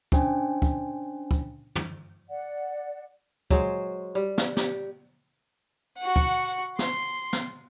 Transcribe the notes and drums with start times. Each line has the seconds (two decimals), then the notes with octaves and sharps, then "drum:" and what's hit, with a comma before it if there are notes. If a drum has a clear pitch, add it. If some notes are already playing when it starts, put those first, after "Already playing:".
0.12 C#4 D4 C5 G5 G#5, drum: kick
0.62 drum: kick
1.31 drum: kick
1.75 drum: tom
2.29 D5 F#5
3.51 F#3 G#3 C5, drum: kick
4.15 G3
4.38 drum: snare
4.57 G4, drum: snare
5.98 F#4 F#5
6.16 drum: kick
6.79 C6, drum: snare
7.33 drum: snare